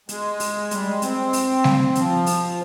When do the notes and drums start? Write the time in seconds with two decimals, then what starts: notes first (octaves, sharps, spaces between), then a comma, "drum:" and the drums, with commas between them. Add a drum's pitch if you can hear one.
0.09 G#3, drum: hi-hat
0.40 drum: open hi-hat
0.71 G3, drum: hi-hat
0.86 G#3
1.02 C4, drum: hi-hat
1.33 drum: open hi-hat
1.64 drum: snare G3
1.95 F3, drum: hi-hat
2.26 drum: open hi-hat